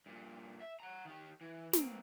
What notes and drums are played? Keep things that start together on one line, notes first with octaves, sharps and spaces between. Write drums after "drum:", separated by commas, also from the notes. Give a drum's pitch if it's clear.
G2 A#2
E5
F#5 A#5
D#3 G4
E3
A#3 C4, drum: snare